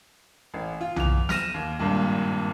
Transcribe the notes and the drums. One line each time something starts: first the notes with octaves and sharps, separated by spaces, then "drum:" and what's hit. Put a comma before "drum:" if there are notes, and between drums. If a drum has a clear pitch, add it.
A1
F4
E2 F7, drum: tom B1
F6 A#6 D#7 E7, drum: snare
D#2
G#1 G2 A#2